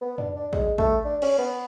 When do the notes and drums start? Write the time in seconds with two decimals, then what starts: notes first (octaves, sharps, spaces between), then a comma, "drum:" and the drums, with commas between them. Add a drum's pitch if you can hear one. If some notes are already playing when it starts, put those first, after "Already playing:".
0.01 B3
0.18 D4, drum: tom
0.35 D4
0.53 G#3, drum: kick
0.78 A3, drum: kick
1.05 D4
1.22 C#4, drum: cymbal
1.38 B3